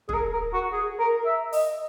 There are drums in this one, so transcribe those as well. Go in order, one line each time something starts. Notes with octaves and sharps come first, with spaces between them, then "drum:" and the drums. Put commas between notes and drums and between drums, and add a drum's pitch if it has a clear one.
G#4, drum: kick
A#4
A#4
F#4
G#4
A#4
E5
D#5, drum: open hi-hat